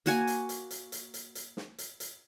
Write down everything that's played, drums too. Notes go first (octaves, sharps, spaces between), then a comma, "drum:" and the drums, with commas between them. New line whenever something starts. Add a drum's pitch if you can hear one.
A#3 F#4 G#5, drum: hi-hat
drum: hi-hat
drum: hi-hat
drum: hi-hat
drum: hi-hat
drum: hi-hat
drum: hi-hat
drum: snare
drum: hi-hat
drum: hi-hat